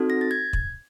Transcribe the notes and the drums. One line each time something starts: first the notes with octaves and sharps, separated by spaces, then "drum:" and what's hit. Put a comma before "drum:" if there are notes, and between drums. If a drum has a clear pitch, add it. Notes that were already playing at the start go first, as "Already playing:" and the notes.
Already playing: C4 D#4 F#4 A4
A#6
A6
G#6
drum: kick